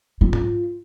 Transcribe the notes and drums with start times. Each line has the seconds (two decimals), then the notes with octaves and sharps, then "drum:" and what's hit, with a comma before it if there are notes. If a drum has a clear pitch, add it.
0.21 F4
0.33 drum: tom G#2